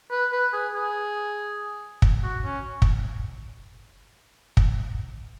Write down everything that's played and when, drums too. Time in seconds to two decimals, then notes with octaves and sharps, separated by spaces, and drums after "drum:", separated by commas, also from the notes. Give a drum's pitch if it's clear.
0.11 B4
0.32 B4
0.53 G#4
0.75 G#4
2.02 drum: kick
2.23 F#4
2.44 C#4
2.82 drum: kick
4.57 drum: kick